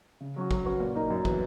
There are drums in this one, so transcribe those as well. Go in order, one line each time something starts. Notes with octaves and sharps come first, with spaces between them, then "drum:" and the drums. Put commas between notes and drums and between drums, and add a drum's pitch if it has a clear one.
C#3
F#3 C#4 F#4
F#3, drum: kick
C#4 F#4 B4
A#2
A#3 D#4 A#4
F#2
E3 B3, drum: kick